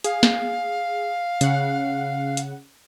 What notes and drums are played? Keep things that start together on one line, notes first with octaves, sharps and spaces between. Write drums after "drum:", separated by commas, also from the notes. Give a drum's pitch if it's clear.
G#4 F5, drum: hi-hat
drum: snare
C#3 F#5, drum: hi-hat
drum: hi-hat